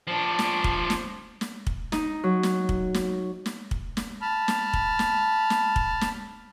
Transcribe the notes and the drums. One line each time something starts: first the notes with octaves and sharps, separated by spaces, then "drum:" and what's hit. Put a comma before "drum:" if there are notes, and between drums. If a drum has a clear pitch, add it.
F3 D4
drum: snare
drum: kick
drum: snare
drum: snare
drum: kick
D#4, drum: snare
F#3
drum: snare
drum: kick
drum: snare
drum: snare
drum: kick
drum: snare
A5 B5 F6
drum: snare
drum: kick
drum: snare
drum: snare
drum: kick
drum: snare